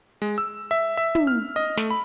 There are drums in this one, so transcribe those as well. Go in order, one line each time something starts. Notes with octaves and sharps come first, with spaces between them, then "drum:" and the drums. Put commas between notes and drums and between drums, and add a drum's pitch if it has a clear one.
G#3
E6
E5
E5
drum: tom
F6
D#5
A3, drum: snare
B5